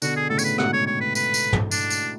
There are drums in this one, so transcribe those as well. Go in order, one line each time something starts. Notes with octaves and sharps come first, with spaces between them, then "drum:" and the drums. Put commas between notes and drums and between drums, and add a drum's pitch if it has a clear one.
B2 D3 F#4, drum: tambourine
G#4
A2 C#3 A4
C#5, drum: tambourine
B4
G#2 B2 F#5, drum: rim click
C#5
C#5
B4
B4, drum: tambourine
drum: tambourine
drum: tom
D4, drum: tambourine
drum: tambourine